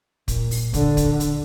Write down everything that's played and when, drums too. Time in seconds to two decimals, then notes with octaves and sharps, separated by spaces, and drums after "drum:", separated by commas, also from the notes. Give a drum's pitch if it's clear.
0.28 A#2, drum: kick, hi-hat
0.51 drum: open hi-hat
0.74 D3, drum: kick, hi-hat
0.97 drum: kick, hi-hat
1.20 drum: hi-hat